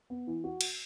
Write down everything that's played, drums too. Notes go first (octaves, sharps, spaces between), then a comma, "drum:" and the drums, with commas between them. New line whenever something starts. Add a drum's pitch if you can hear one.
B3
E3
F#4
drum: cymbal